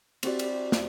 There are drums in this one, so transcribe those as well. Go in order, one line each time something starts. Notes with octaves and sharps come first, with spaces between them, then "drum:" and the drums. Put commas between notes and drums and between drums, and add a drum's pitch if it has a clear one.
C4 E4 F#4 G4 C5 D5, drum: cymbal
drum: cymbal
drum: snare